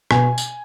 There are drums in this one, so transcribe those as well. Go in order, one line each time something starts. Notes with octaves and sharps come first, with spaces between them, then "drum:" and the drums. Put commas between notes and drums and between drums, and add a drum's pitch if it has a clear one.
B2 G#5, drum: rim click
drum: tambourine